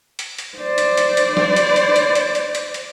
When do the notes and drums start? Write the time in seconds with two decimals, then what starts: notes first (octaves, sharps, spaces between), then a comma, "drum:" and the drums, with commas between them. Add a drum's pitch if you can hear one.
0.19 drum: hi-hat
0.38 drum: hi-hat
0.58 C5 D5
0.78 drum: hi-hat
0.97 drum: hi-hat
1.17 drum: hi-hat
1.37 drum: snare
1.56 drum: hi-hat
1.76 drum: hi-hat
1.96 drum: hi-hat
2.15 drum: hi-hat
2.35 drum: hi-hat
2.55 drum: hi-hat
2.74 drum: hi-hat